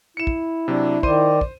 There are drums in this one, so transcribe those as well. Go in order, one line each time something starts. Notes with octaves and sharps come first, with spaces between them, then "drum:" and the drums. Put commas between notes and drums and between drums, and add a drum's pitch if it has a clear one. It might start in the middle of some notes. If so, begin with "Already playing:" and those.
E4 C#7 E7
drum: kick
C3 F#3 D4
D#3 C5 D5 C6 D#7, drum: kick
drum: kick